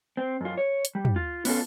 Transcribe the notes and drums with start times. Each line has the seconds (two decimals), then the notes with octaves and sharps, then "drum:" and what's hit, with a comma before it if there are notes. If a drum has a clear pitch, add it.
0.17 C4
0.41 F#2 F4
0.58 C#5
0.85 drum: hi-hat
0.95 G3
1.05 drum: tom
1.16 F4
1.45 B3 C#4 F4 A4, drum: open hi-hat